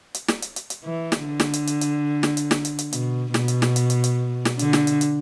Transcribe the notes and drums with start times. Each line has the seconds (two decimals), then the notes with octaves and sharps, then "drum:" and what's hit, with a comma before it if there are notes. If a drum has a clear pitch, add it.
0.14 drum: hi-hat
0.28 drum: snare
0.42 drum: hi-hat
0.56 drum: hi-hat
0.70 drum: hi-hat
0.84 E3
1.12 drum: snare
1.25 D3
1.40 drum: snare
1.53 drum: hi-hat
1.67 drum: hi-hat
1.81 drum: hi-hat
2.23 drum: snare
2.37 drum: hi-hat
2.51 drum: snare
2.65 drum: hi-hat
2.79 drum: hi-hat
2.93 B2, drum: hi-hat
3.34 B2, drum: snare
3.48 drum: hi-hat
3.62 drum: snare
3.76 drum: hi-hat
3.90 drum: hi-hat
4.04 drum: hi-hat
4.45 drum: snare
4.59 D3, drum: hi-hat
4.73 drum: snare
4.87 drum: hi-hat
5.01 drum: hi-hat